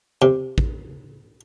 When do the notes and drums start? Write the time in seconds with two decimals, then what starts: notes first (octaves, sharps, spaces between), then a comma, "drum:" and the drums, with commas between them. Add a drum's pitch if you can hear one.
0.22 C3
0.58 drum: kick